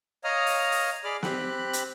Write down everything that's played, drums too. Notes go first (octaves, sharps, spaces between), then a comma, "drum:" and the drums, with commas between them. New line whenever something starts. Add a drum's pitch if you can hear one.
C#5 D#5 F5 A#5 D#6 F6
drum: open hi-hat
drum: open hi-hat
G#4 D5 B5 D6 F6
C4 G4 B5 F#6, drum: snare
drum: hi-hat